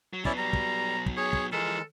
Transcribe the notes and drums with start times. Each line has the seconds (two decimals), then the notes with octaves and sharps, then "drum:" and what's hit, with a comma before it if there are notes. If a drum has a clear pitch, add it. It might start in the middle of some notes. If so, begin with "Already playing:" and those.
0.13 F#3
0.25 F#3 B3 C#4 E4 D5, drum: kick
0.38 G3 A#5
0.53 drum: kick
1.06 drum: kick
1.17 G#4 C#5
1.33 drum: kick
1.52 E3 F3 G#3 A4 A#4